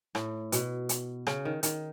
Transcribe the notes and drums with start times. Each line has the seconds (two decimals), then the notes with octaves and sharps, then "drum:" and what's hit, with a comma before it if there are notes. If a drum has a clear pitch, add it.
0.15 A2, drum: rim click
0.52 B2, drum: hi-hat
0.89 drum: hi-hat
1.27 C#3, drum: rim click
1.45 D#3
1.63 D#3, drum: hi-hat